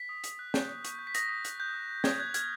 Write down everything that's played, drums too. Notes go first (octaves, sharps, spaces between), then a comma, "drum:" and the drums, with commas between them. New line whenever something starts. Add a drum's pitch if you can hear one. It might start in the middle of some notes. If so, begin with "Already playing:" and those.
Already playing: B6
D#6
D#6, drum: hi-hat
F#6
G6, drum: snare
C#6
C#6, drum: hi-hat
G6
B6
D#6 A#6, drum: hi-hat
D#6 A#6
F#6, drum: hi-hat
F#6 G6
D#6
F#6
D#6 G#6, drum: snare
F#6 G#6
F6 G#6, drum: hi-hat